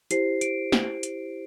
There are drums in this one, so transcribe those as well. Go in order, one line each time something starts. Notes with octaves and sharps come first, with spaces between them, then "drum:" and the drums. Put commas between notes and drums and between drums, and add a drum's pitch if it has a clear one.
E4 G4 C5 C7, drum: hi-hat
D7, drum: hi-hat
drum: snare
drum: hi-hat